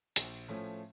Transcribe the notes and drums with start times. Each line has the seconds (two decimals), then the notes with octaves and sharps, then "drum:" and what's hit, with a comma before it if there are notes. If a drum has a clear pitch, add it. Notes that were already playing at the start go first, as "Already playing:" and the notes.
0.16 A#1, drum: hi-hat
0.48 A2 F3 A3 C#4